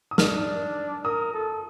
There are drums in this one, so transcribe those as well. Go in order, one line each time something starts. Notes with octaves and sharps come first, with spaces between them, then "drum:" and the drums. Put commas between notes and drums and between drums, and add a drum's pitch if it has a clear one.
D#6
D4 F6, drum: snare
A#4 D#6
A4